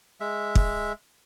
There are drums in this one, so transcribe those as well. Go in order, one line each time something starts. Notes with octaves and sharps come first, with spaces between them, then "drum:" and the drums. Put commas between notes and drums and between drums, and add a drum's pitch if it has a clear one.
G#3 E5
drum: kick